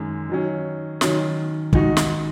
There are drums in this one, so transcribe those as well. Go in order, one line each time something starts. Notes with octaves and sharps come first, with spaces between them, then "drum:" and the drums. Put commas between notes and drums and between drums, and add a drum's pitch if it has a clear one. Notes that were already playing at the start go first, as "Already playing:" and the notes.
Already playing: F#2 D#3 G#3
D#3 F#3 C#4
D#3 F#3 C#4, drum: snare
D#3 G#3 D#4 F#4, drum: kick
drum: snare